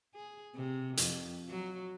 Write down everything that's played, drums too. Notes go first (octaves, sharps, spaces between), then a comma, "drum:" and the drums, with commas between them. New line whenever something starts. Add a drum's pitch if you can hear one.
G#4
C3
F2, drum: hi-hat
F#3